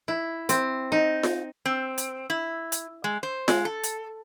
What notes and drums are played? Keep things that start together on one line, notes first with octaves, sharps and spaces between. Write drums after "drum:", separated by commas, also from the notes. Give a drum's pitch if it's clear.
E4
C4, drum: hi-hat
D#4
drum: snare F4
C4
drum: hi-hat
E4
drum: hi-hat
G#3
C5
G#3, drum: snare F4
A4
drum: hi-hat